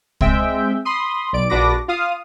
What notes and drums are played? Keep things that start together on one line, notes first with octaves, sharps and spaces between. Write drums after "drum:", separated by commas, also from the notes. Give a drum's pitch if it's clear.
G#3 C4 E5 G5, drum: kick
B5 C6 D#6
B1 D5 D7
A#1 D4 F#4 B4 D6 A#6
F4 F5 D#6